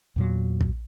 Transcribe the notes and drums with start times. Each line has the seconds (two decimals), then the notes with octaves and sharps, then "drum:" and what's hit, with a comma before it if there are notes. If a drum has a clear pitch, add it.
0.16 E2 A#2 F#3
0.61 drum: kick